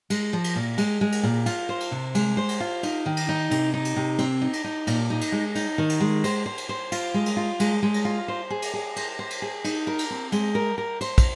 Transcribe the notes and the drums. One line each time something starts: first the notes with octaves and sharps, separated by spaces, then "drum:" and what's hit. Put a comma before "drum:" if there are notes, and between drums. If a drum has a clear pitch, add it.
G#3, drum: cymbal
F3
drum: cymbal
A#2
G#3, drum: cymbal
G#3
drum: cymbal
A#2
F4, drum: cymbal
C5
drum: cymbal
C3
G#3, drum: cymbal
C5
drum: cymbal
F4
D#4, drum: cymbal
D#3
drum: cymbal
D#4
C3, drum: cymbal
D#4
drum: cymbal
C3
C4, drum: cymbal
D#4
drum: cymbal
D#4
A#2, drum: cymbal
D#4
drum: cymbal
G#3
D#4, drum: cymbal
D#3
drum: cymbal
G#3
C5, drum: cymbal
C5
drum: cymbal
C5
F4, drum: cymbal
G#3
drum: cymbal
F4
G#3, drum: cymbal
G#3
drum: cymbal
F4
C5
G#4
drum: cymbal
G#4
C5, drum: cymbal
C5
drum: cymbal
G#4
D#4, drum: cymbal
A#4
drum: cymbal
C4
G#3, drum: cymbal
A#4
A#4
C5, drum: cymbal
drum: kick, cymbal